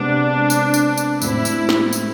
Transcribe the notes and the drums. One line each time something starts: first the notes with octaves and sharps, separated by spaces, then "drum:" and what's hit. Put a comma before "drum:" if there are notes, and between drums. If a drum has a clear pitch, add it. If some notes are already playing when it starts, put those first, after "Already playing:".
Already playing: C3 G#3 B3 D4
drum: tambourine
drum: tambourine
drum: tambourine
A2 G#3 C4 E4, drum: tambourine
drum: tambourine
drum: snare
drum: tambourine